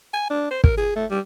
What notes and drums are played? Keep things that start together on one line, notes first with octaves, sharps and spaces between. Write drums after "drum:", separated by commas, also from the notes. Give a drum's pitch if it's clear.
G#5
D4
C5
A#4, drum: kick
G#4
A3
G3